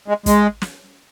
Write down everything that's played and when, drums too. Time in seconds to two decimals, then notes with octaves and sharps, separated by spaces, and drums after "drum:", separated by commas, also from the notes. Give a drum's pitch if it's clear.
0.08 G#3
0.26 G#3, drum: kick, hi-hat
0.62 drum: snare